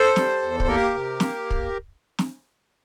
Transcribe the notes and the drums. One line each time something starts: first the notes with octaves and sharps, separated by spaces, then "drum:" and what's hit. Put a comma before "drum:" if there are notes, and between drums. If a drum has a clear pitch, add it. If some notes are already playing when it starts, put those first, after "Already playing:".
Already playing: A4 C5
G3, drum: snare
E2
C5, drum: kick
A#3 G4 A#4
C3
A#3, drum: snare
drum: kick
drum: snare